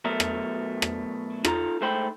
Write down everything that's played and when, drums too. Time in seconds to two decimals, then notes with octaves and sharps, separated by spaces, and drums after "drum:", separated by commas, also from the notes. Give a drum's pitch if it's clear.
0.05 B2 F#3 A3 A#4
0.20 drum: rim click
0.82 drum: rim click
1.45 D#4 F4 A4 G#5 A#5, drum: rim click
1.81 G#2 A3 C5 G5 B5